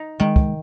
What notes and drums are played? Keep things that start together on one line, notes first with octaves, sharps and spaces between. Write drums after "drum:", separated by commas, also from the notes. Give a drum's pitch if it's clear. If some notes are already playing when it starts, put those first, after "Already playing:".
Already playing: D#4
D#3 G#3
drum: kick